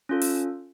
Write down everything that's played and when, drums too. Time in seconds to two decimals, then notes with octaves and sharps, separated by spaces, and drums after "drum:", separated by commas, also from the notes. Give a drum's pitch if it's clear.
0.09 C#4 F4 A4
0.22 drum: open hi-hat